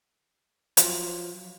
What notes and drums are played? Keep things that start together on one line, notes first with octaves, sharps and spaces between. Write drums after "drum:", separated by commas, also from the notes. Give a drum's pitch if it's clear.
F3 F#3 F4, drum: hi-hat